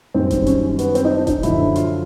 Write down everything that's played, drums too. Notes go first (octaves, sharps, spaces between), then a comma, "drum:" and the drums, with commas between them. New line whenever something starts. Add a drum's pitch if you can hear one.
F#2 D#3 G3 C4
drum: kick D#1, hi-hat
C#4, drum: hi-hat
B3, drum: hi-hat
C4, drum: hi-hat
D#4
D4
D#4, drum: kick D#1, hi-hat
F#2 D3 F3 E4, drum: hi-hat
F4, drum: hi-hat